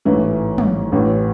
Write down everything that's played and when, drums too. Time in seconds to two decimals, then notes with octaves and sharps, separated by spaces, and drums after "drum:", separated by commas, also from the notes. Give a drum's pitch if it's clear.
0.05 A1 G#2 E3 A3 E4
0.58 drum: tom
0.92 A1 A2 E3